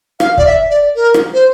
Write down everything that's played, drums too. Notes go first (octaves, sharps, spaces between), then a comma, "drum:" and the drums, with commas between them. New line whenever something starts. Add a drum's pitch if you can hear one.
F5, drum: rim click
D5, drum: kick
E5
D5
A#4
drum: rim click
C5